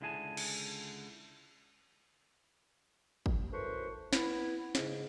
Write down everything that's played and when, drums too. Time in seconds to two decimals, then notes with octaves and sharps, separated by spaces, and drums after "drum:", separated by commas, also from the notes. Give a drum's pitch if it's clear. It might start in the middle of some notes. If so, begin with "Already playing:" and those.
0.01 C#2 D3 E4 G#4 G#5 A5
0.37 drum: cymbal
3.26 drum: kick
3.53 F#2 E3 A4 B4 C5 C#6
4.13 B3 E4, drum: snare
4.75 G#2 C#3, drum: snare